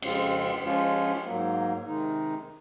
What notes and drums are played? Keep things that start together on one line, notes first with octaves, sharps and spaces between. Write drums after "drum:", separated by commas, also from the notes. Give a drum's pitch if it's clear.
F2 C#3 G#3 C4 F4, drum: cymbal
F3 G#3 C#4 F4
G#2 F#3 A#3
C3 D#3 G#3 D#4